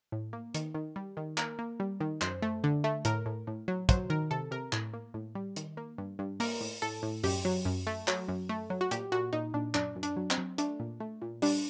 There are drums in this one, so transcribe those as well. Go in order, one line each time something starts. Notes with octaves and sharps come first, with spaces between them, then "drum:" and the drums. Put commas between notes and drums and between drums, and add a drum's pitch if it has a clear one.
A2
A#3
D#3, drum: hi-hat
D#3
G3
D#3
A#3 A#4, drum: clap
A#3
G3
D#3
F#2 C5, drum: clap
A3
D3
A3
A2 A#4, drum: hi-hat
A2
A2
F#3
F#3 C5, drum: kick, hi-hat
D#3 A#4
C3 A4
C3 A#4
A2, drum: clap
A#3
A2
G3
D#3, drum: hi-hat
A#3
G2
G2
A#3 A#4, drum: open hi-hat
A2
A2 A4
A2
F#2 G4, drum: open hi-hat
F#3
F#2
A3
F#3, drum: clap
F#2
A3
F#3
F#4
A#2 G4, drum: hi-hat
A#2 F#4
A#2 D#4
A#2 D4
F#2 D4, drum: clap
F#2
D4, drum: hi-hat
F#3
C4, drum: clap
F#3
A3 D4, drum: hi-hat
A#2
A3
A#2
G3 D4, drum: open hi-hat